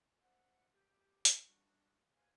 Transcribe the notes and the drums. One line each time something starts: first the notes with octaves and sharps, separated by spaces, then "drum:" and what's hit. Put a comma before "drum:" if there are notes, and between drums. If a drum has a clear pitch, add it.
C5 D5 E5 F#5
G4
drum: hi-hat
G3 D4 F#4
B4 C5 F5 G#5